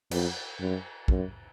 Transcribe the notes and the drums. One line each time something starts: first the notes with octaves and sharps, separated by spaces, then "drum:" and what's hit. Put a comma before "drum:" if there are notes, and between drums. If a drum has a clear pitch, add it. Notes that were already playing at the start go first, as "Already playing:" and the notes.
F2, drum: cymbal
F#2
F#2, drum: kick